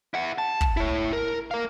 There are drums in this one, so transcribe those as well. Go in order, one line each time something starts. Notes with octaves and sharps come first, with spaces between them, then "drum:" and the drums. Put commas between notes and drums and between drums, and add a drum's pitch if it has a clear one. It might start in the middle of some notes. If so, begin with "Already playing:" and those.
E4 F#5
A5
drum: kick
E4 C#5
A#4
A#4 F5